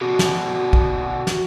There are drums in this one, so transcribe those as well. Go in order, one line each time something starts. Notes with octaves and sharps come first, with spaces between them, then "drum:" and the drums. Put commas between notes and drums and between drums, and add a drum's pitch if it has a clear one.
B2 D3 F#4
drum: snare
drum: kick
drum: snare